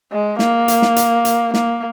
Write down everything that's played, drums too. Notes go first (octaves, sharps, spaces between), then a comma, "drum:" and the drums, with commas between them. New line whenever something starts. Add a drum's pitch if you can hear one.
G#3
A#3, drum: snare
drum: hi-hat
drum: snare
drum: hi-hat
drum: hi-hat
A#3, drum: snare